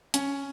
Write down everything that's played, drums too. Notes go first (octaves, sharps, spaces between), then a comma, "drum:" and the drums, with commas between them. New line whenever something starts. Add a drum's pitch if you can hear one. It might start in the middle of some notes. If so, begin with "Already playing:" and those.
C#4, drum: hi-hat